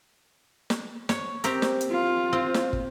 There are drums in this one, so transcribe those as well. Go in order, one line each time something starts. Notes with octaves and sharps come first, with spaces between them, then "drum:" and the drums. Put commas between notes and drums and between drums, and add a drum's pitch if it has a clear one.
drum: snare
C#5, drum: snare
C4 G4 A#4, drum: hi-hat
drum: snare
drum: hi-hat
F4
C4
drum: snare
drum: kick